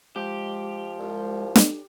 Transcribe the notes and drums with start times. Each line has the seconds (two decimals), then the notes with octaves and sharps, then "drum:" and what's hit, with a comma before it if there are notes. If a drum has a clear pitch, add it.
0.16 F3 G#3 G4
1.00 C2
1.56 drum: snare